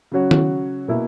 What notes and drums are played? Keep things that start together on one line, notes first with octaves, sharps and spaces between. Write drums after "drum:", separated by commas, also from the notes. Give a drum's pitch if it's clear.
C#3 F#3 C#4 F#4 C#5
drum: tom
B2 A#3 E4